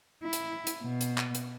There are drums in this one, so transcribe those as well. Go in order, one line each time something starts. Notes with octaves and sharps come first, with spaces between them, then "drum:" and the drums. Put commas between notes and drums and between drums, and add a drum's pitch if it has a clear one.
E4
drum: hi-hat
drum: hi-hat
B2
drum: hi-hat
drum: clap
drum: hi-hat